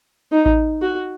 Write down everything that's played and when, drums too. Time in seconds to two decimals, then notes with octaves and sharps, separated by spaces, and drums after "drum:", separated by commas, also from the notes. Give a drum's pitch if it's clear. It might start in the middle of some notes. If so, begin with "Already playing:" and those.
0.32 D#4
0.46 drum: kick A1
0.82 F#4